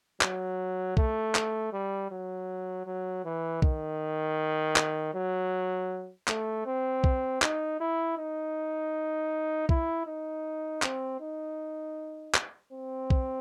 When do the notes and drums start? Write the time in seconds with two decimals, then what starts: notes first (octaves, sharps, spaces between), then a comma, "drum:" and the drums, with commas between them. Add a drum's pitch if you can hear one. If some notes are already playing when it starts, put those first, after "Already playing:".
0.21 F#3, drum: clap
0.97 A3, drum: kick B1
1.35 drum: clap
1.73 G3
2.11 F#3
2.86 F#3
3.25 E3
3.62 D#3, drum: kick B1
4.76 drum: clap
5.14 F#3
6.28 A3, drum: clap
6.66 C4
7.04 drum: kick B1
7.42 D#4, drum: clap
7.80 E4
8.18 D#4
9.69 E4, drum: kick B1
10.06 D#4
10.82 C4, drum: clap
11.21 D#4
12.35 drum: clap
12.73 C4
13.10 drum: kick B1